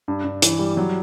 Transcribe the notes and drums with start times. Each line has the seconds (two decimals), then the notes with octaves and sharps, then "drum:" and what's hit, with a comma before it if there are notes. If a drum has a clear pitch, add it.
0.08 G2
0.24 G2
0.42 E3, drum: hi-hat
0.59 G3
0.77 F#3